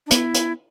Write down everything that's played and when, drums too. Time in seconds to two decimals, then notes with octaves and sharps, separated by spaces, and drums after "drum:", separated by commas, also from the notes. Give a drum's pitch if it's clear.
0.07 D4
0.10 B3 E4, drum: hi-hat
0.34 drum: hi-hat